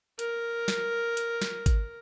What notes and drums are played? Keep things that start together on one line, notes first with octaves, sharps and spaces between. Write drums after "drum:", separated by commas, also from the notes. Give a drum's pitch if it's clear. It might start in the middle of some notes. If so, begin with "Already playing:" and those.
A#4, drum: hi-hat
drum: snare
drum: hi-hat
drum: snare
drum: kick G#1, hi-hat